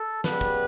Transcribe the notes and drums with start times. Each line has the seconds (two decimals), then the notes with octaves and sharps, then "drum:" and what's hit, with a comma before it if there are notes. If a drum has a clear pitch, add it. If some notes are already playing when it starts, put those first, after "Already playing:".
Already playing: A4
0.24 C#3 G3 B3 B4, drum: snare
0.41 drum: kick